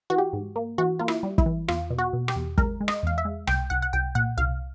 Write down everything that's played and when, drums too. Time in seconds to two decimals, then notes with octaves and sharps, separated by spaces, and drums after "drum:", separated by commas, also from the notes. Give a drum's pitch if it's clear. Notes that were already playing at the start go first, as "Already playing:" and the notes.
0.10 E3 F#4
0.18 G4
0.33 G#2
0.56 A#3
0.78 E3 F#4
0.99 A#3 F4
1.08 E4, drum: rim click
1.23 G3
1.38 E4, drum: kick
1.46 E3
1.68 E2 F4, drum: rim click
1.90 B2
1.98 F#4
2.13 B2
2.28 G4, drum: rim click
2.35 E2
2.58 G#3 A#4, drum: kick
2.80 G#3
2.88 D#5, drum: rim click
3.03 E2 F5
3.18 E5
3.25 G#3
3.47 C2 G5, drum: rim click
3.70 C2 F#5
3.82 F#5
3.93 C2 G5
4.15 A#2 F#5
4.37 C2 F5